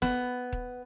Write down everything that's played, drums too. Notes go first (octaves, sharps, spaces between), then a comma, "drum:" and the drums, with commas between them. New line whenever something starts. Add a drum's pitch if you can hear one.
B3, drum: snare
drum: kick D#1